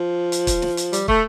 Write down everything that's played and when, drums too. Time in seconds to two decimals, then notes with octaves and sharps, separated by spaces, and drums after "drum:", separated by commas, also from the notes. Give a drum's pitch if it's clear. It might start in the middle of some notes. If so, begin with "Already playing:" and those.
Already playing: F3
0.32 drum: hi-hat
0.47 drum: kick, hi-hat
0.62 drum: snare
0.77 drum: hi-hat
0.93 G3, drum: hi-hat
1.08 A3, drum: kick